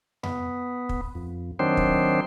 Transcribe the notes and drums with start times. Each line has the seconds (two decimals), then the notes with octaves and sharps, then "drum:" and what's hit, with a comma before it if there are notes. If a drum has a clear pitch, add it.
0.23 B3, drum: tom F2
0.89 drum: kick
1.15 F2
1.59 D#3 F#3 C4 D4 C5
1.77 drum: kick